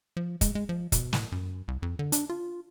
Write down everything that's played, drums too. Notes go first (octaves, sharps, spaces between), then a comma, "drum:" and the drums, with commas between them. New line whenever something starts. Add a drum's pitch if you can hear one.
F3
G#3, drum: kick, hi-hat
G#3
F3
B2, drum: kick, hi-hat
A2, drum: snare
F#2
C2
F2
D3
D4, drum: hi-hat
F4